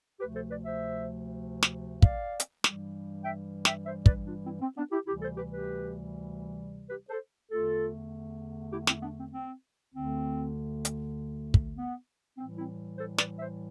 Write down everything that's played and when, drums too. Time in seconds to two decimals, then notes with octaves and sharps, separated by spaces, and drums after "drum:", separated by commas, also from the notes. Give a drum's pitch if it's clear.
0.20 D2 C3 F3 A3 G4 B4
0.35 A4 C5
0.50 B4 D5
0.66 C5 E5
1.63 drum: snare
2.02 D5 F5, drum: kick
2.40 drum: hi-hat
2.64 G2 E3 G3, drum: snare
3.25 E5 G5
3.65 E5 G5, drum: snare
3.85 C5 E5
4.06 B4 D5, drum: kick
4.26 D4 F4
4.46 C4 E4
4.61 C4
4.76 B3 D4
4.92 E4 G4
5.07 D2 C3 E3 G3 E4 G4
5.22 A4 C5
5.37 G4 B4
5.52 G4 B4
6.90 G4 B4
7.10 A4 C5
7.50 E2 D3 A3 F4 A4
8.73 E4 G4
8.87 C4 E4, drum: snare
9.02 B3 D4
9.18 C4
9.33 C4
9.94 D2 D3 A3 C4
10.85 drum: hi-hat
11.54 drum: kick
11.77 B3
12.38 A2 E3 G3 C4
12.58 C4 E4
12.98 A4 C5
13.18 B4 D5, drum: snare
13.39 C5 E5